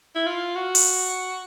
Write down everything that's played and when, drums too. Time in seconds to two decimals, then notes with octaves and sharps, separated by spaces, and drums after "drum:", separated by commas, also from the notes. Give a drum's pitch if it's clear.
0.15 E4
0.27 F4
0.55 F#4
0.75 drum: open hi-hat